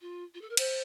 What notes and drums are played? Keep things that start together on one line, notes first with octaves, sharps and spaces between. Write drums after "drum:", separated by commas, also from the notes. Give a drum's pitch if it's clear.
F4
F4
A4
A#4
C5, drum: cymbal